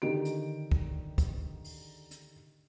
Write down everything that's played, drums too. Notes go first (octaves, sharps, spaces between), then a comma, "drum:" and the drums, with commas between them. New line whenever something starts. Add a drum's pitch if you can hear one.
D3 D#3 G4 D7
drum: hi-hat
drum: kick
drum: kick, hi-hat
drum: open hi-hat
drum: hi-hat